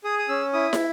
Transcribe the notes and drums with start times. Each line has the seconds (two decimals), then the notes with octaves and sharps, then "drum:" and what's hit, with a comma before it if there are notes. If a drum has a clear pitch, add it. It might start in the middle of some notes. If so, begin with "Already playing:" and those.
0.04 G#4 D#6
0.19 D#6
0.29 C#4 E6
0.53 E4 D#6
0.73 drum: snare